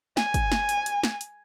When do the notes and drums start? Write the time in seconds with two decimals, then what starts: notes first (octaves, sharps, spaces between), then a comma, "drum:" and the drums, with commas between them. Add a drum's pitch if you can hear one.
0.17 G#5, drum: snare
0.34 drum: kick, hi-hat
0.52 drum: snare
0.69 drum: hi-hat
0.86 drum: hi-hat
1.03 drum: snare
1.21 drum: hi-hat